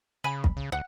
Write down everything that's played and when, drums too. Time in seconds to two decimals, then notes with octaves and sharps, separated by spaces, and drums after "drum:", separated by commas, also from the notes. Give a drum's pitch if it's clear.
0.24 C#3 G#5 B5
0.44 drum: kick
0.57 C#3
0.72 D2 F#5